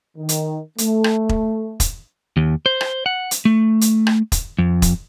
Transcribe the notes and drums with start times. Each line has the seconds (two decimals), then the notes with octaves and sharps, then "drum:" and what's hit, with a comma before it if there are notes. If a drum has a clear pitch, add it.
0.17 D#3
0.29 drum: hi-hat
0.78 A3, drum: hi-hat
1.04 drum: rim click
1.29 drum: kick E1
1.80 drum: kick E1, hi-hat
2.37 D#2
2.66 C5
2.81 drum: rim click
3.06 F#5
3.31 drum: hi-hat
3.45 A3
3.81 drum: hi-hat
4.07 drum: rim click
4.32 drum: kick E1, hi-hat
4.58 F2
4.82 drum: kick E1, hi-hat